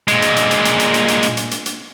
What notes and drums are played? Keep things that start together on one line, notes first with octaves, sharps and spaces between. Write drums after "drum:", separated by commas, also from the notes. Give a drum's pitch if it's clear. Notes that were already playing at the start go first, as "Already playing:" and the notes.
A#2 G#3, drum: hi-hat
drum: hi-hat
drum: hi-hat
drum: hi-hat
drum: hi-hat
drum: hi-hat
drum: hi-hat
drum: hi-hat
drum: hi-hat
drum: hi-hat
drum: hi-hat
drum: hi-hat